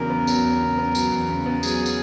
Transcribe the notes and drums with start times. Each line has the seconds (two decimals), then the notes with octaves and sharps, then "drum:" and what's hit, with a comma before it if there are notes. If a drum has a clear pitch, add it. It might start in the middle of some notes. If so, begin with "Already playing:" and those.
Already playing: E2 C#3 F#3 A#4
0.10 B3
0.27 F#3, drum: tambourine
0.44 E2
0.61 C#3
0.78 B3
0.95 F#3, drum: tambourine
1.12 E2
1.29 C#3
1.46 B3
1.63 F#3 G#4, drum: tambourine
1.86 drum: tambourine